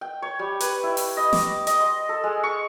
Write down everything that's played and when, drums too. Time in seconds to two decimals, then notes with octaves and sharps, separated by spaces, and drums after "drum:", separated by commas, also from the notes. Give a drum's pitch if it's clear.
0.01 G5
0.22 C#5
0.39 G3
0.60 B4, drum: hi-hat
0.83 E4
0.97 drum: open hi-hat
1.17 D#5
1.33 D6, drum: snare
1.67 D#5, drum: hi-hat
1.80 C6
2.09 A4
2.24 G#3
2.43 C#6